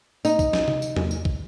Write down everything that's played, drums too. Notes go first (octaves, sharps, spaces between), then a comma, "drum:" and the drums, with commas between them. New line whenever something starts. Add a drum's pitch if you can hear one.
D#4, drum: tambourine
drum: kick, tambourine
drum: snare
drum: tom C3
drum: tambourine
drum: tom
drum: tambourine
drum: kick